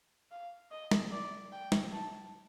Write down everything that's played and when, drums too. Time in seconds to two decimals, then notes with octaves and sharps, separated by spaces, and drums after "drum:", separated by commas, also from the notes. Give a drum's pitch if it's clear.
0.31 F5
0.71 D#5
0.91 drum: snare
1.12 D5
1.52 G5
1.72 drum: snare
1.92 A5